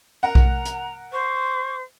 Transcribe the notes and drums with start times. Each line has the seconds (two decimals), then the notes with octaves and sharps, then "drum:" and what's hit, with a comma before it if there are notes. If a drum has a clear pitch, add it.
0.23 A#4 F#5 A#5
0.35 drum: kick B1
0.65 drum: hi-hat
1.13 C5 C#6